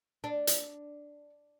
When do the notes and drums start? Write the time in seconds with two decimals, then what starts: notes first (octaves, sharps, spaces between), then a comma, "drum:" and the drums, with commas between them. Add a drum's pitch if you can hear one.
0.24 D4
0.47 drum: hi-hat